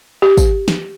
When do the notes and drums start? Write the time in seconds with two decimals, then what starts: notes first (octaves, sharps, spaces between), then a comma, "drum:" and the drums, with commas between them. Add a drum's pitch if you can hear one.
0.22 G4
0.37 drum: kick, tambourine
0.68 drum: snare